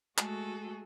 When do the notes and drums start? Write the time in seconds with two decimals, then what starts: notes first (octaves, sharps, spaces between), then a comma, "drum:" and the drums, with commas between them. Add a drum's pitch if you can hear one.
0.18 G#3 A3 F#4 G#4 A4, drum: clap